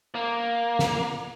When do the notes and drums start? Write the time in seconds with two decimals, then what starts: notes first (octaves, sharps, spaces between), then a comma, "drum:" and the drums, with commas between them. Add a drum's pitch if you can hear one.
0.15 A#3
0.79 drum: snare